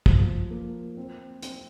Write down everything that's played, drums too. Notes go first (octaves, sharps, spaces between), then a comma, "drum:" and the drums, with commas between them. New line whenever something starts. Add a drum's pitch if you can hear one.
F3, drum: kick
A#3
C4
C4, drum: hi-hat